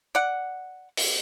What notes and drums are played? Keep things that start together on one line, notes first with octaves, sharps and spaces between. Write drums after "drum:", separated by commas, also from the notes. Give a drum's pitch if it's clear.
D5 F#5
drum: open hi-hat